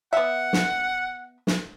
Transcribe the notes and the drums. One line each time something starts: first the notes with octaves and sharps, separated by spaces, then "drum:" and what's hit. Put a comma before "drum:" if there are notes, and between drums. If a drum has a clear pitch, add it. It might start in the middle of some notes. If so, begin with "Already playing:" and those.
B3 E5 F#5
drum: snare
drum: snare